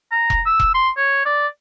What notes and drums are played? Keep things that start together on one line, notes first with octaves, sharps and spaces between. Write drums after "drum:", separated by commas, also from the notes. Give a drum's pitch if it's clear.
A#5
drum: kick E1
E6
drum: kick E1
C6
C#5
D5